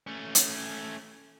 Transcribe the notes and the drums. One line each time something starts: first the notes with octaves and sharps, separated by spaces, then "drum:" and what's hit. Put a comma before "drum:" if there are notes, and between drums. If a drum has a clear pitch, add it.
A3 C#4
drum: hi-hat